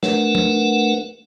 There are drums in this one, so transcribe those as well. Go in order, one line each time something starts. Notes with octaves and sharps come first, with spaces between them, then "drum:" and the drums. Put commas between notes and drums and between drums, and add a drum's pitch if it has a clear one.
A3 D4 A#4 B4 F#5, drum: snare
drum: tom